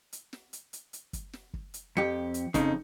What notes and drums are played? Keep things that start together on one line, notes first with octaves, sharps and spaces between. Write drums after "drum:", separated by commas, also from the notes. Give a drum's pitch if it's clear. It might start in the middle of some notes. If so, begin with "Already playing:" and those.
drum: hi-hat
drum: snare
drum: hi-hat
drum: hi-hat
drum: hi-hat
drum: kick, hi-hat
drum: snare
drum: kick
drum: hi-hat
F2 G4 C#7
drum: hi-hat
F2 C#3 D#4, drum: kick, hi-hat